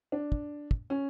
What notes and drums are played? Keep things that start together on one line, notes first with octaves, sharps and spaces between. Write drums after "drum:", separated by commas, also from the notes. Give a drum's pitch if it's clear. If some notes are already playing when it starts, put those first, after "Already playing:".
D4
drum: kick
drum: kick
C#4